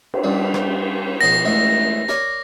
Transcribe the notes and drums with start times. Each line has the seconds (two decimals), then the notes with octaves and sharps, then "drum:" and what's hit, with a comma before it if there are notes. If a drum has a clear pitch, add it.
0.14 drum: cymbal
0.24 G2 G3
0.54 drum: rim click
1.21 B2 F3 G#4 A#6
1.45 E2 G#3 A3
2.08 A#4 C#5 D5, drum: snare